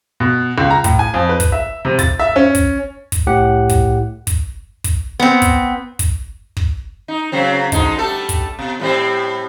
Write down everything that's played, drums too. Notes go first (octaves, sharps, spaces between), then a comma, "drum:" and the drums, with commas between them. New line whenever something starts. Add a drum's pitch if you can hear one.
B2
C#2
A#5
A2, drum: kick, hi-hat
G#5
F2
B4
drum: kick, hi-hat
E5
C3
A6, drum: kick, hi-hat
E5
C#4
drum: kick, hi-hat
drum: kick, hi-hat
C2 A2 G4 F#5
drum: kick, hi-hat
drum: kick, hi-hat
drum: kick, hi-hat
B3 C4
drum: kick, hi-hat
drum: kick, hi-hat
drum: kick
D#4
C#3 F#3 C4
D3 G#3 D#4, drum: kick, hi-hat
G3 A3 A4
drum: kick, hi-hat
B2
A2 G3 C4